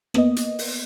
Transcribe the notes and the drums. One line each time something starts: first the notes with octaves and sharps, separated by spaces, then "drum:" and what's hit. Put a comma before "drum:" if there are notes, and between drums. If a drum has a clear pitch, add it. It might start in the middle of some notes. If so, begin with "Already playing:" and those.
A#3 B3 D#5, drum: rim click
drum: hi-hat
drum: open hi-hat